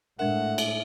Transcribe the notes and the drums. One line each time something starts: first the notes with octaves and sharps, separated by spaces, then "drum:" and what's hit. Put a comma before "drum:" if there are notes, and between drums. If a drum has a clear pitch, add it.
A2 G#3 D4 A#4 E5 F#5
drum: cymbal